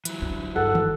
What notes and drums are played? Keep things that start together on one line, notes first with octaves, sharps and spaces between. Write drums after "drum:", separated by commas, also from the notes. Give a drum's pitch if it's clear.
E3 F#3, drum: hi-hat
D4
G1 A4 F#5
drum: tom